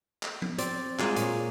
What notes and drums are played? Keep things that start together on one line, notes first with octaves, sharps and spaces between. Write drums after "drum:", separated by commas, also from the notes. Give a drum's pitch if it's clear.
drum: clap
drum: tom F3
C4 D5, drum: hi-hat
G#3 A#3 F4 G#4, drum: clap
A#2 C#5, drum: hi-hat